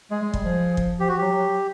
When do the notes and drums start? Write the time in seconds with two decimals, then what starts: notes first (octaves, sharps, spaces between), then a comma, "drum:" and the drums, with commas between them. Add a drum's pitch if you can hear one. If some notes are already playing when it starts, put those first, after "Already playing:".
0.11 G#3 G#4
0.22 G#3
0.34 G3, drum: kick
0.45 F3
0.77 drum: kick
0.99 F3 G4
1.09 F#4
1.18 F#3 G4
1.33 F#3